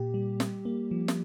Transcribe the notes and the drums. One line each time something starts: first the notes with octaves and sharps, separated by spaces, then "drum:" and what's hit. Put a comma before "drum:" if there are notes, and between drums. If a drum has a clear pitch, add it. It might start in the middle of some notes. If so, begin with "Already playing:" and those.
Already playing: A#2 A#3 G4
G3
G3, drum: snare
A#3
F3
drum: snare